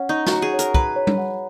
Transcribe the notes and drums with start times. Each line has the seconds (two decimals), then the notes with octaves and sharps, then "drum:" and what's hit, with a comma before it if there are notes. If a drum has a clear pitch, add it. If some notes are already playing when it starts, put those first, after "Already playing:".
Already playing: C#4 C#5 F#5
0.09 D#4 C#6
0.27 F#4, drum: snare
0.32 A#5
0.42 G#4
0.53 C#5
0.59 A#4, drum: hi-hat
0.74 B4 A#5, drum: kick
0.96 C#5
1.07 drum: tom G3
1.18 F#5